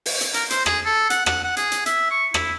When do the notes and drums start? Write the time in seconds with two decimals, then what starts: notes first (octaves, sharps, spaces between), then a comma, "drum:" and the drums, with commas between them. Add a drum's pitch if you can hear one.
0.06 drum: open hi-hat
0.21 drum: hi-hat
0.34 A#4, drum: hi-hat
0.50 C5, drum: hi-hat
0.66 G#4, drum: rim click
0.85 A4
1.10 F#5, drum: hi-hat
1.26 F#5, drum: rim click
1.44 F#5
1.57 G#4, drum: hi-hat
1.72 drum: hi-hat
1.86 E5, drum: hi-hat
2.11 C#6
2.34 E4, drum: rim click